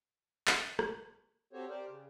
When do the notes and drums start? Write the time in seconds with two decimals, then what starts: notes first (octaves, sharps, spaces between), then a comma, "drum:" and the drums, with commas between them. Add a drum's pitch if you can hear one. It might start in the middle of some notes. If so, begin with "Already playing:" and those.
0.47 drum: clap
0.79 drum: rim click
1.53 C4 F#4 G4 A4 C5 C#5
1.69 G4 A#4 C5 D5
1.89 C#3